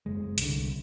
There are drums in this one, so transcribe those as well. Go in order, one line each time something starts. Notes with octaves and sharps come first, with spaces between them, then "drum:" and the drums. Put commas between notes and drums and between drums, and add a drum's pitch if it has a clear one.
F#1 G#3
C2 D3, drum: hi-hat